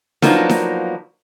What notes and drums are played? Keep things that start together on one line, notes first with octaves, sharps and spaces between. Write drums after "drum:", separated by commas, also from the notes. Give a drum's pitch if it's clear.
F3 F#3 A#3 B3 D4 D#4, drum: snare D#4
drum: snare D#4